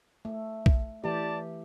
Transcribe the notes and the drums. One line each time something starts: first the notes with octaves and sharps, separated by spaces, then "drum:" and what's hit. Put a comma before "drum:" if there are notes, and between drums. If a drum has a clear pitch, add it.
A3
drum: kick
E3 A3 G4 D5 A5